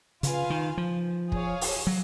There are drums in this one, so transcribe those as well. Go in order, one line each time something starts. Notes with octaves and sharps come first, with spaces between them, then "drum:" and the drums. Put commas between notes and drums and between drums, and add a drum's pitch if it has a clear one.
C#3 F4 B4 F5 G#5, drum: hi-hat
D#3
F3
G#4 C#5 F5, drum: kick
drum: open hi-hat
F#3